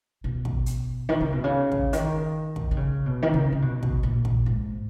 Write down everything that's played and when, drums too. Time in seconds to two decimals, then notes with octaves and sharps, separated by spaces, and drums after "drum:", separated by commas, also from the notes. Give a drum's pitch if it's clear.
0.24 B2
0.45 drum: kick
0.66 drum: hi-hat
1.09 D#3
1.21 C#3
1.32 B2
1.44 C#3
1.72 drum: kick
1.93 D#3, drum: hi-hat
2.56 drum: kick
2.71 D#3
2.77 C#3
3.06 B2
3.22 D#3
3.34 C#3
3.52 C#3
3.62 B2
3.83 drum: kick
4.03 A#2
4.25 drum: kick
4.46 G#2